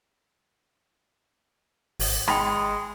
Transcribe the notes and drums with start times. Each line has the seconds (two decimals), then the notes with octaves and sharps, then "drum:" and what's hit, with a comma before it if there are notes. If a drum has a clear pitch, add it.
2.00 G#1, drum: open hi-hat
2.28 G#3 G5 B5 C6, drum: rim click